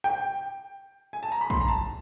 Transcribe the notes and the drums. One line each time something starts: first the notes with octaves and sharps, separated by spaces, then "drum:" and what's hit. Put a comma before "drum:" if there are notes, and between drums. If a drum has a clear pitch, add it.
G5
G#5
A5
A#5
B5
C6, drum: kick
A#5
A5